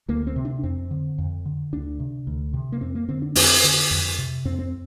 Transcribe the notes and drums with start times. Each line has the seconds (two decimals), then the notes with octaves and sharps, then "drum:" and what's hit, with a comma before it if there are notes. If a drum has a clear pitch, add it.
0.09 D2 A#3
0.27 C4
0.36 C3
0.45 D4
0.63 F2 C4
0.91 D3
1.18 F2
1.46 D3
1.73 D2 D4
2.00 C3
2.27 D2
2.54 C3
2.72 A#3
2.81 F2 C4
2.95 A#3
3.09 D3 C4
3.22 D4
3.35 F2 C4, drum: open hi-hat
3.64 D3
3.91 F2
4.19 C3
4.45 F2 C4
4.59 C4